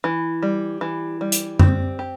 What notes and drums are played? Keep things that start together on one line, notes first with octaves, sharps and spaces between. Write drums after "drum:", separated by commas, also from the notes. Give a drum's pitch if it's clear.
E3
G3
E3
G3
drum: hi-hat
C4, drum: tom F#2
G4